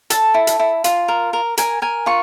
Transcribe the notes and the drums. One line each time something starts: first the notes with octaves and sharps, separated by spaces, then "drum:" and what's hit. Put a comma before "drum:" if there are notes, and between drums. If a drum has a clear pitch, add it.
A4 A5, drum: hi-hat
E4
drum: hi-hat
E4
F4, drum: hi-hat
A#4
A#4
A#4 G#5, drum: hi-hat
A#4 G#5
F4 C#6